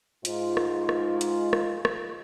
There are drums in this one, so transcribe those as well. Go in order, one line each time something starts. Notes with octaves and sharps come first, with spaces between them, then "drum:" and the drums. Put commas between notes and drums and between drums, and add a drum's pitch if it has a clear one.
G#2 F4, drum: hi-hat
drum: rim click
drum: rim click
drum: hi-hat
drum: rim click
drum: rim click